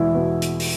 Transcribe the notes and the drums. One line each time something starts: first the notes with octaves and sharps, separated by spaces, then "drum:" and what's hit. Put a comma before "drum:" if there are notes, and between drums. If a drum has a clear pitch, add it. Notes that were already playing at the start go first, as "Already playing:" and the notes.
Already playing: E2 B2 G#3 E4
B2
drum: hi-hat
drum: open hi-hat